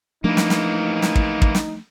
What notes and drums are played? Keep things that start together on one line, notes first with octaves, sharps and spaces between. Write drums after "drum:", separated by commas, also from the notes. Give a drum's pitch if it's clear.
E3 F3 A3 A#3 D4 D#4
drum: snare
drum: snare
drum: snare
drum: kick
drum: kick
drum: snare